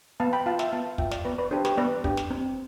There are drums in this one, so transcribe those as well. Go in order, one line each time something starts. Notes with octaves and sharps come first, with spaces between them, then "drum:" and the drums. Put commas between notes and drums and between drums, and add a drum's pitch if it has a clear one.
B3 F5 A5
G5 B5
F4 F5 A5
E5 G5, drum: snare
B3 F5 A5
F5 A5
F4 E5 G5, drum: kick
D5 F5, drum: snare
B3 B4 D5
B4 D5
D4 G4 A4 C5
G4 B4, drum: snare
B3 B4 D5
D4 G4, drum: kick
drum: snare
C4